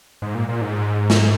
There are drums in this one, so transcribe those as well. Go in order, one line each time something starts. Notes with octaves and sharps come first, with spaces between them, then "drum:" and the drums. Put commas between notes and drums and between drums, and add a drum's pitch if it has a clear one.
G#2
A#2
A#2
G#2
drum: snare